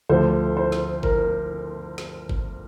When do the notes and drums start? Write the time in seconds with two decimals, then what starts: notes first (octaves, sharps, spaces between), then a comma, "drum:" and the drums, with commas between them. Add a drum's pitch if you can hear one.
0.09 D2 D3 F3 C5
0.57 C5
0.72 drum: snare
1.03 A#4, drum: kick G1
1.98 drum: snare
2.29 drum: kick G1